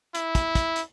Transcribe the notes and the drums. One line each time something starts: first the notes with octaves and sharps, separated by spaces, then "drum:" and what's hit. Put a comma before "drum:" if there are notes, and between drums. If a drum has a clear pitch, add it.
E4, drum: hi-hat
drum: kick, hi-hat
drum: kick, hi-hat
drum: hi-hat